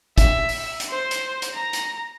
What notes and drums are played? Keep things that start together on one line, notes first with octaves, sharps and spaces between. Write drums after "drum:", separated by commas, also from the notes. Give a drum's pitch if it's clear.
E5, drum: kick, hi-hat
drum: open hi-hat
drum: hi-hat
C5
drum: hi-hat
drum: hi-hat
A#5
drum: hi-hat